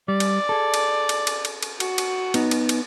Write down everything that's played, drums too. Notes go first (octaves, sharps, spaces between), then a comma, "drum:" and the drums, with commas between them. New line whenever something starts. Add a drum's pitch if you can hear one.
G3 D5
drum: cymbal
G#4 A4
drum: cymbal
drum: cymbal
drum: cymbal
drum: cymbal
drum: cymbal
F#4, drum: cymbal
drum: cymbal
B3 D#4, drum: cymbal
drum: cymbal
drum: cymbal